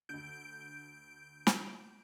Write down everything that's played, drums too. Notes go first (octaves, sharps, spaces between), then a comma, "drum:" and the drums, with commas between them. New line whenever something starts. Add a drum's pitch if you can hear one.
D2 D3 G6 D7
drum: snare